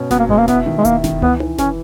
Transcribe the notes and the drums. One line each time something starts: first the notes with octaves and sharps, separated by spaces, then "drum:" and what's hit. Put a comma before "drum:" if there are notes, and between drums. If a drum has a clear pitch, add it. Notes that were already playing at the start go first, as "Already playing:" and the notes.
Already playing: B2 C#4
F#3 B3, drum: snare F#1
A#3
B2 G#3, drum: kick E1
A#3
B3 E4, drum: snare F#1
D#3
G#3
A#3 E4, drum: kick E1, hi-hat
D#3, drum: snare F#1
E3 B3, drum: tom
E3, drum: tom
E3 C#4, drum: snare F#1